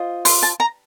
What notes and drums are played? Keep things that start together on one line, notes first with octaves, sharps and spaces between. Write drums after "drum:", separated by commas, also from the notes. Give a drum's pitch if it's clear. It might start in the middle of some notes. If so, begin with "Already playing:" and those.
Already playing: F4 C5 D#5
C6, drum: open hi-hat
A5
A#5